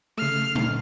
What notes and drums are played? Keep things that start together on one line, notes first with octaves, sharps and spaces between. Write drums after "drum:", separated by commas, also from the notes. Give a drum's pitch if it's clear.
C#3 A3 F6 C7
drum: tom